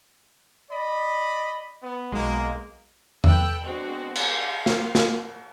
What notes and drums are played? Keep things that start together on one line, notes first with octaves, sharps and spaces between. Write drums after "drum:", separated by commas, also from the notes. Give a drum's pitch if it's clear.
D5 D#5 B5
B3
B1 B2 G#3 A#3
A4 B4 G5 E6 F#6 G6, drum: tom E2
D3 G#3 B3 C4 D4 F#4
G4 F5 C6, drum: cymbal
drum: snare
drum: snare